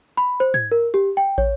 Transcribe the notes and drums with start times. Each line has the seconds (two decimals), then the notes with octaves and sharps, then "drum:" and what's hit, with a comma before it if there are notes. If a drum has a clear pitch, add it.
0.17 B5
0.40 C5
0.54 G#6, drum: tom
0.72 A#4
0.94 G4
1.17 G5
1.38 C#5, drum: kick